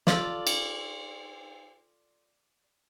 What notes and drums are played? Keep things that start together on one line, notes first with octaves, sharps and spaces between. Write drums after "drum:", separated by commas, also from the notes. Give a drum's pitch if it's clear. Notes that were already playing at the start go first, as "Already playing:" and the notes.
F4 A4 D5, drum: snare
drum: cymbal